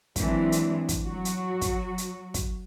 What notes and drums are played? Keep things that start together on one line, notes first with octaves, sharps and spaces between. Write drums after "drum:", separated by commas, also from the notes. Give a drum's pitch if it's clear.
E3 F#3 G#3 C4 D4, drum: kick, hi-hat
drum: hi-hat
drum: kick, hi-hat
F#3 F#4
drum: hi-hat
drum: kick, hi-hat
drum: hi-hat
drum: kick, hi-hat